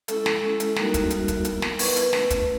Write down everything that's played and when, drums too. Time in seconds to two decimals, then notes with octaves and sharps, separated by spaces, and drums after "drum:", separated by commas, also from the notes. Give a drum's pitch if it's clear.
0.08 G#3 C#4 E4 A4, drum: hi-hat
0.26 drum: snare
0.42 G#3 C#4 E4
0.60 drum: hi-hat
0.76 G3 A#3 D#4 F#4 A#4, drum: snare
0.94 drum: kick, hi-hat
1.10 G3 A#3 D#4 F#4, drum: hi-hat
1.28 drum: kick, hi-hat
1.45 B3 E4, drum: hi-hat
1.62 drum: snare
1.79 B3 E4 B4, drum: open hi-hat
1.96 drum: hi-hat
2.13 A3 C#4 E4, drum: snare
2.30 drum: kick, hi-hat